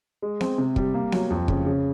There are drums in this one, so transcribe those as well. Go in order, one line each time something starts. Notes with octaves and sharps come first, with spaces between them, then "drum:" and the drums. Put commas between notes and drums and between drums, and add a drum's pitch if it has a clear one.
G#3
C4, drum: snare B3
C3
G3, drum: kick
A#3
F#3, drum: snare B3
F2
C#3, drum: kick
C#3